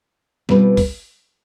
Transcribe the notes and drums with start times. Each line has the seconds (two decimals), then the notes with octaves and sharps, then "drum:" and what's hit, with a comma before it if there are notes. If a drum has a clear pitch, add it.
0.49 B2 G3 C4 F4 B4, drum: snare
0.77 drum: kick, open hi-hat